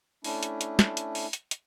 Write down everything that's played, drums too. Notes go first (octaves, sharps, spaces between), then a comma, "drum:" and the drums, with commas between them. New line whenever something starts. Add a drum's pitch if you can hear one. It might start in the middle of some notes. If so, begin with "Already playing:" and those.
A3 C#4 D4 E4, drum: open hi-hat
drum: hi-hat
drum: hi-hat
drum: snare
drum: hi-hat
drum: open hi-hat
drum: hi-hat
drum: hi-hat